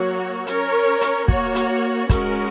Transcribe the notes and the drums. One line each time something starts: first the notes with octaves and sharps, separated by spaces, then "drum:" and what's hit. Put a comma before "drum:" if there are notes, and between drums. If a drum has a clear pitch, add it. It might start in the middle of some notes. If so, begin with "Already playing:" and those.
Already playing: F#3 A#3 F#4 C#5
C#4 A#4 C#5, drum: hi-hat
drum: hi-hat
A#3 F#4 C#5, drum: kick
drum: hi-hat
G#3 C#4 F#4 A#4, drum: kick, hi-hat